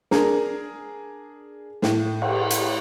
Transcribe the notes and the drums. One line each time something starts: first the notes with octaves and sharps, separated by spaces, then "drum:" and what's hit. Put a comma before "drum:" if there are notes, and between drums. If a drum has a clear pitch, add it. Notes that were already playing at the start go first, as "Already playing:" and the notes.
D4 G#4 A#4, drum: snare
A2, drum: snare
drum: cymbal
drum: hi-hat